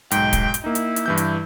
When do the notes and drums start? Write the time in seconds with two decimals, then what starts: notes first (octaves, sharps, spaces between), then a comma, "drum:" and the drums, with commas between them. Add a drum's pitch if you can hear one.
0.11 B1 G#2 G5, drum: hi-hat
0.33 drum: kick, hi-hat
0.54 drum: hi-hat
0.64 A#3 D#4 E4
0.75 drum: hi-hat
0.96 drum: hi-hat
1.06 G2 E3 G6
1.17 drum: hi-hat